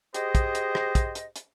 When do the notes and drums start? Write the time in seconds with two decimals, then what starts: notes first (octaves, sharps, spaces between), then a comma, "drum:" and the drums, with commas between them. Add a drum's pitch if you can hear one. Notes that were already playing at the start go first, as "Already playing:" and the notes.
0.14 G4 G#4 C5 D#5, drum: hi-hat
0.35 drum: kick, hi-hat
0.55 drum: hi-hat
0.75 drum: rim click
0.95 drum: kick, hi-hat
1.15 drum: hi-hat
1.36 drum: hi-hat